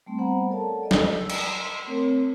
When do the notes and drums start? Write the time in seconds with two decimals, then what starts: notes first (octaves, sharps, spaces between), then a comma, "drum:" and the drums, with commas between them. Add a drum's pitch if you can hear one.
0.06 G3 A3 C4
0.18 G3 B3 C5 F#5 A#5 B5
0.50 A4 A#4 C#5 D5 F5 A5
0.81 A4 D5 D#5
0.91 drum: snare
1.17 E6
1.30 drum: cymbal
1.87 A3 C4 A#4 C#5